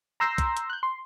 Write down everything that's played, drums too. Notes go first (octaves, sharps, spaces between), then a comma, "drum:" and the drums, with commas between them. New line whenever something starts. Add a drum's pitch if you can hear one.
A#5 C6 E6 G6 A#6 C7
drum: kick, hi-hat
drum: hi-hat
F#6 G6
C6